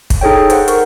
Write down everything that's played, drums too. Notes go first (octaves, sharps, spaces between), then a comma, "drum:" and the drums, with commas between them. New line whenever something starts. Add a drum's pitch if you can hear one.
drum: kick, hi-hat
D#4 G#4 A4 C#5 G5
C5 F#5, drum: hi-hat
A#4 C#6, drum: hi-hat